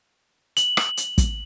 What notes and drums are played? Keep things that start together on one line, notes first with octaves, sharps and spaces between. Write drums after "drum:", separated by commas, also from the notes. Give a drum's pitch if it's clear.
F#7, drum: hi-hat
drum: rim click
drum: hi-hat
drum: kick, hi-hat